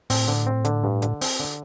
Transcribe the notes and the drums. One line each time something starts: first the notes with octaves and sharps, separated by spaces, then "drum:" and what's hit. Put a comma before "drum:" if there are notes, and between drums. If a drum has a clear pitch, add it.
A2 C4, drum: open hi-hat
D3
C4
D3, drum: hi-hat
G2
D3, drum: hi-hat
C4, drum: open hi-hat
D3